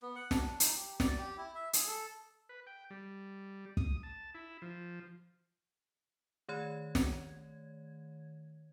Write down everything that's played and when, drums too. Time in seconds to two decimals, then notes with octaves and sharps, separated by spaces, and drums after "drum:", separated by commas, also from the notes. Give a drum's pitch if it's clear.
0.02 B3
0.16 F#5
0.31 D4, drum: snare
0.60 D#4, drum: hi-hat
0.76 G4
1.00 D5, drum: snare
1.19 G4
1.38 E4
1.55 E5
1.73 G#4, drum: hi-hat
1.87 A4
2.49 B4
2.67 G5
2.90 G3
3.77 D#6, drum: kick
4.03 A5
4.35 E4
4.62 F3
6.49 D#3 A3 C#5 G#6
6.95 drum: snare